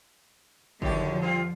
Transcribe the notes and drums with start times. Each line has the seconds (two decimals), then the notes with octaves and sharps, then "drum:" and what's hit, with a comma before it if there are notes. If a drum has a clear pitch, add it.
0.82 F2 D3 D#3 F3 F#3 G4, drum: kick
1.21 G3 C4 F4